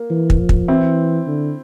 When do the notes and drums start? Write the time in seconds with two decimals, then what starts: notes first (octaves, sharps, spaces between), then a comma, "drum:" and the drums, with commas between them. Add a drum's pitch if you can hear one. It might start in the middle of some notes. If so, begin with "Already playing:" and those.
Already playing: A#3
0.10 E3
0.30 drum: kick
0.39 F3
0.49 drum: kick
0.68 E3 C4 E4
1.27 D3